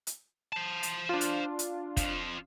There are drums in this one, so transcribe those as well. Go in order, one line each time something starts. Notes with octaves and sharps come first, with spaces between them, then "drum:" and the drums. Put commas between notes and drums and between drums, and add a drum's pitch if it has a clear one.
drum: hi-hat
C5 A5
drum: hi-hat
D4 F4
drum: hi-hat
drum: hi-hat
F2 F3, drum: kick, hi-hat